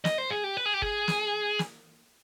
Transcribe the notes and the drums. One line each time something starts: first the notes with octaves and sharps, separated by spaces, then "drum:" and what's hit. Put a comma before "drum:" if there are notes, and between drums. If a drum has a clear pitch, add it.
D#5, drum: snare
C5
G#4
G4
B4
G#4
G4
G#4, drum: kick
drum: snare
drum: snare